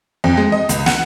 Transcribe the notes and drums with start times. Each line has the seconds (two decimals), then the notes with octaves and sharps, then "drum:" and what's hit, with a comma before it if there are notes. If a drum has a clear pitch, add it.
0.24 F2
0.37 G#3
0.52 D#5
0.69 C#2, drum: hi-hat
0.86 F#5, drum: snare